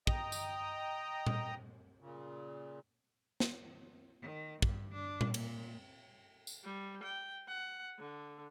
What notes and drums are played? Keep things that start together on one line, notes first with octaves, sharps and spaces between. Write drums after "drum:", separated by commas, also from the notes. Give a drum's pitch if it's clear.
D#5 G5 A#5 D#6, drum: kick
drum: tambourine
drum: tom A#2
A#2 C#3
drum: snare
D#3
G2, drum: kick
D4
drum: tom A#2
A#2, drum: cymbal
drum: tambourine
G3
G5
F#5
D3